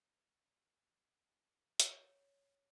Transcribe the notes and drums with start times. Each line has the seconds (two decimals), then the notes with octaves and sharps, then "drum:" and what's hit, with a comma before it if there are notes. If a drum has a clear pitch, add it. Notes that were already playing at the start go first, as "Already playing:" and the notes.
1.80 C#5, drum: hi-hat